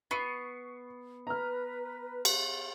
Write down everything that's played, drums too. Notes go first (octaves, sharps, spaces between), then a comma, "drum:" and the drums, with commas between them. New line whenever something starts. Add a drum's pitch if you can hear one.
B3 C#6 C7 C#7
B4 A#5 F6
drum: cymbal